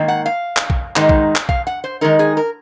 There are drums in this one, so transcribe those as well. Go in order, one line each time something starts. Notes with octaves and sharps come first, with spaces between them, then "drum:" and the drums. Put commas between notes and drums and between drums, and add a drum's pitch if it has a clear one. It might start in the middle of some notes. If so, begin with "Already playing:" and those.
Already playing: G#2 D#3 A#3
F#5
F5
drum: clap
drum: kick
G#2 D#3 G#3 D#4, drum: clap
drum: kick
drum: clap
F5, drum: kick
F#5
C5
D#3 G#3 D#4 A#4
G#4
A#4